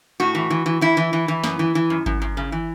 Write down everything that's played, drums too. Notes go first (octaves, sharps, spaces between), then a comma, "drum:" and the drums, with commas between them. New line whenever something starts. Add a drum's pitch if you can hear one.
A2 F#4
E3
E3
E3
E3 E4
E3
E3
E3
F#2, drum: snare
E3
E3
F#2
F#2, drum: kick G#1
F#2
C#3
E3